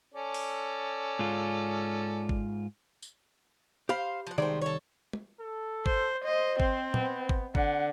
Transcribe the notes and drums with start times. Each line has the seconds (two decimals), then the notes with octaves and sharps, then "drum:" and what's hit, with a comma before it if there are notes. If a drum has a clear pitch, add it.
0.14 C#4 A4 D5
0.34 drum: open hi-hat
1.19 G#2 F4
2.29 drum: kick G#1
3.02 drum: tambourine
3.89 G4 C5 F5 B5
4.27 F3 F#5
4.38 C2 D#3 G#3 A3 C5 D5
4.62 A4 C#5
5.13 drum: tom
5.40 A4
5.86 C5, drum: kick G#1
6.25 C5 D#5
6.60 C4, drum: kick G#1
6.94 B3, drum: tom A#2
7.29 drum: kick G#1
7.55 D3 F#5, drum: kick G#1